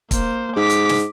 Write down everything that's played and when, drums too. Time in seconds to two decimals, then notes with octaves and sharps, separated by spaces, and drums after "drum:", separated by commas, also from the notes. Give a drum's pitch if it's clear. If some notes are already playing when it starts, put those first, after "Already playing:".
0.11 A#3 C5, drum: kick, hi-hat
0.56 G#2 D6 B6
0.70 drum: hi-hat
0.89 drum: snare